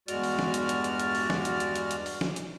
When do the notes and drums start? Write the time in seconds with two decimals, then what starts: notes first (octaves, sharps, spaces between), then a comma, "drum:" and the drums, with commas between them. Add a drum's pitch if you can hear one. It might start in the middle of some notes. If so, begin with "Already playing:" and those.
0.08 E2 G2 G#3 F#4 D5 F6, drum: hi-hat
0.23 drum: open hi-hat
0.39 drum: snare
0.54 drum: hi-hat
0.69 drum: hi-hat
0.84 drum: hi-hat
0.99 drum: hi-hat
1.15 drum: open hi-hat
1.30 drum: snare
1.45 drum: hi-hat
1.60 drum: hi-hat
1.76 drum: hi-hat
1.91 drum: hi-hat
2.06 drum: open hi-hat
2.21 drum: snare
2.36 drum: hi-hat